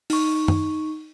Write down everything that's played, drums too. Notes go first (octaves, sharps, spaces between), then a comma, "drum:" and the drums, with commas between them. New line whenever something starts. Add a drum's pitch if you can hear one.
D#4 C#6, drum: open hi-hat
drum: tom F#2